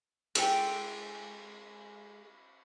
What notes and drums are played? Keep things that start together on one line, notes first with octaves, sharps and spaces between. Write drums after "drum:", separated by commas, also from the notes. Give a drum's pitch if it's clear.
G#3 A4 D5 G5, drum: cymbal